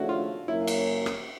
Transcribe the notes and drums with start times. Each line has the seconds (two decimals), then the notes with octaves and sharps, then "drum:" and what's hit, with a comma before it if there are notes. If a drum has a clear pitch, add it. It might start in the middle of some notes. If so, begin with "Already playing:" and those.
Already playing: C#3 F3 A3 D4 E4 F#4
0.09 F4
0.48 F#2 C#3 F#3 A#3 E4
0.67 drum: cymbal
1.06 drum: rim click